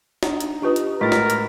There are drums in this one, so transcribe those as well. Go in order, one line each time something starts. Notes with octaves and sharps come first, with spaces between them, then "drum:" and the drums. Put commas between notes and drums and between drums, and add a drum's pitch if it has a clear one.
D4 D#4 A#5, drum: snare
drum: hi-hat
D4 F4 G4 B4 D#5 D#6
drum: hi-hat
A2 G#3 F4 A#4 D#5 A6 B6
drum: snare
drum: hi-hat